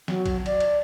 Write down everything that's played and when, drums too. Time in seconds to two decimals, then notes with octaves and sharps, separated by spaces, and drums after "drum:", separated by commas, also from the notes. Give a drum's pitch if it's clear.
0.08 F#3, drum: snare
0.26 drum: kick A#1, cymbal
0.46 D5, drum: cymbal
0.60 drum: cymbal